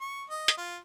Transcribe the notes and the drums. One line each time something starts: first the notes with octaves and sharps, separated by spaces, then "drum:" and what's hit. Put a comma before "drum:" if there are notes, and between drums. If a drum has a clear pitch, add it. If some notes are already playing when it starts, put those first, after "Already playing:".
C#6
D#5
drum: hi-hat
F4